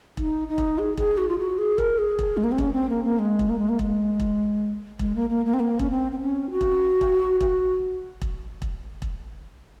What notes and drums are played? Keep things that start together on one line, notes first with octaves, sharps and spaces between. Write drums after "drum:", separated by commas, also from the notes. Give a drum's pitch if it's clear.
D#4, drum: kick E1
D#4
drum: kick E1
G#4
G#4, drum: kick E1
F#4
F4
F#4
G#4
A#4, drum: kick E1
G#4
drum: kick E1
G#3
A#3
C4
C#4, drum: kick E1
C4
A#3
A#3
G#3
drum: kick E1
A#3
G#3
A#3
G#3, drum: kick E1
drum: kick E1
G#3, drum: kick E1
A#3
A#3
A#3
C4
A#3
C#4, drum: kick E1
C4
C4
C#4
F#4
drum: kick E1
drum: kick E1
F#4, drum: kick E1
drum: kick E1
drum: kick E1
drum: kick E1